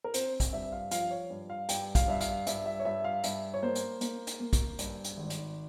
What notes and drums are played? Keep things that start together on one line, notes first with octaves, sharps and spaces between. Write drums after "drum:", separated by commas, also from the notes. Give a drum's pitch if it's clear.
A#4
C4 C5, drum: hi-hat
drum: kick A#1, hi-hat
G2 E5
F5
F3 F5, drum: hi-hat
C#5
G2
F5
G2 G5, drum: hi-hat
F5, drum: kick A#1, hi-hat
G2 E5
F5, drum: hi-hat
G2 E5, drum: hi-hat
E5
C#5
G2 E5
F5
G2 E5, drum: hi-hat
C#5
A#3 C5
drum: hi-hat
A#3, drum: hi-hat
drum: hi-hat
A#3
drum: kick A#1, hi-hat
G2, drum: hi-hat
drum: hi-hat
G#1
drum: hi-hat